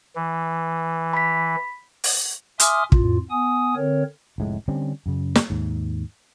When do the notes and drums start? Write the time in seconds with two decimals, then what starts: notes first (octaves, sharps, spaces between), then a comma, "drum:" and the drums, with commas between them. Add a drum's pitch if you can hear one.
0.16 E3
1.13 B5 B6
2.04 drum: open hi-hat
2.60 E5 G#5 C6 D6 D#6 F6, drum: hi-hat
2.92 F2 A2 F4, drum: kick
3.30 B3 G#5 D#6
3.76 D3 C4 A#4 C#5
4.38 F1 A2 G#3
4.68 D3 G3 C4 C#4
5.06 F#2 C#3
5.35 drum: snare
5.50 D#2 G#2